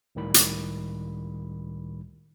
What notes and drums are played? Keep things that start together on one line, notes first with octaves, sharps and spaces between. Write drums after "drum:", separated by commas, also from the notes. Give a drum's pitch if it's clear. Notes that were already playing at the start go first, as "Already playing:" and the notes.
C#2 A2 D#3 G3 B5
drum: hi-hat